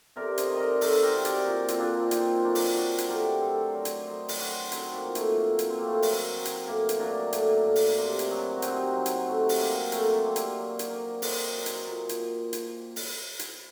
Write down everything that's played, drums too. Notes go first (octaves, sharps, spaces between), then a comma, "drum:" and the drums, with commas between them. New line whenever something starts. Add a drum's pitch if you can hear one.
C3 A#4 D5
C5 D#5, drum: hi-hat
D#3
A#4 D5 D#5
F#3 A4 C5, drum: open hi-hat
G4 A#4
C3
A#4 D5, drum: hi-hat
A#2
C4, drum: hi-hat
A#2 A#3 D4
A#2 C4 D#4, drum: hi-hat
F#3 A#3 D4
drum: open hi-hat
F#3 D4 F#4
drum: hi-hat
A2 G4 A#4
F#3 A4 C5
F#3 A#4 D5
drum: hi-hat
F#3 C5 D#5
drum: open hi-hat
F#3 D4 F#4
F#3 C4 D#4, drum: hi-hat
A#3
A#2
A3, drum: hi-hat
A2 A#3
drum: hi-hat
F#3 C4
A#3
A3
A#3
F#3, drum: open hi-hat
F#3
drum: hi-hat
A2 A#3
drum: hi-hat
F#3 A#3 D4
A2, drum: hi-hat
A2
drum: open hi-hat
C3
drum: hi-hat
F#3
F#4
C3 C4 D#4, drum: hi-hat
F#3
drum: hi-hat
C3 A3
drum: open hi-hat
F#3 A#3
F#3 A3 C4, drum: hi-hat
C4
C3 A#3 D4
drum: hi-hat
F#3
drum: hi-hat
F#3 A#4 D5
F#3 C5 D#5, drum: open hi-hat
F#3
drum: hi-hat
A#2
drum: hi-hat
drum: hi-hat
drum: open hi-hat
drum: hi-hat